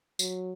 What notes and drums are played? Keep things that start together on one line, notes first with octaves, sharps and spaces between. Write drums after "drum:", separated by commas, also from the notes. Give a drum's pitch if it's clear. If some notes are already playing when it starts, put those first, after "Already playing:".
F#3, drum: tambourine